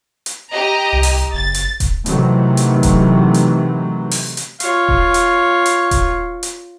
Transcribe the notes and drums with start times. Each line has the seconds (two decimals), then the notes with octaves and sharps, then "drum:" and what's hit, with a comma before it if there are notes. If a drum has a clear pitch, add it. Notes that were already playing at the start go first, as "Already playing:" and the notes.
0.26 drum: hi-hat
0.51 G4 D#5 A#5
0.92 C2
1.03 drum: open hi-hat
1.33 F#1 A6
1.54 drum: hi-hat
1.80 drum: kick D#1, hi-hat
2.06 C3 D#3 E3 F#3 A3, drum: hi-hat
2.57 drum: hi-hat
2.83 drum: kick D#1, hi-hat
3.34 drum: hi-hat
4.11 drum: open hi-hat
4.37 drum: hi-hat
4.60 F4 C#5, drum: hi-hat
4.89 drum: kick D#1
5.14 drum: hi-hat
5.66 drum: hi-hat
5.91 drum: kick D#1, hi-hat
6.43 drum: hi-hat